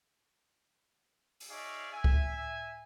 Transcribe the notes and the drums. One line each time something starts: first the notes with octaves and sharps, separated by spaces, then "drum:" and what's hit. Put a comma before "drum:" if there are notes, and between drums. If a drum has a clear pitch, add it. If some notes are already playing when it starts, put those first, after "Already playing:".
drum: open hi-hat
D#4 G#4 C#5 D5 E5 F5
E5 G#5
drum: kick C#2